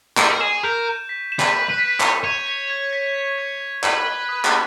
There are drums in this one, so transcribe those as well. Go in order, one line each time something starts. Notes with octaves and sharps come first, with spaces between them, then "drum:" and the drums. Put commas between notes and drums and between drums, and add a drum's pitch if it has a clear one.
E4 C#6, drum: clap
A#4
G#4 E7
A#4 G6
G6
B6
E7
B4, drum: clap
B6
B4
B6
C#5 D#7, drum: clap
C#5 D#7
B6
G#6
B6
B6
G#6
G#6
B4 G7, drum: clap
G7
D#6
drum: clap